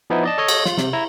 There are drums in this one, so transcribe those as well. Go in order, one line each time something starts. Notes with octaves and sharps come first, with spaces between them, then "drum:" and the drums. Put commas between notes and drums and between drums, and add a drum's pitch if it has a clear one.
F3 B3 D#4 E4
D5 D#5 A5
A4 C#5 D#5
drum: cymbal
F4, drum: snare
C3, drum: snare
E4 A#5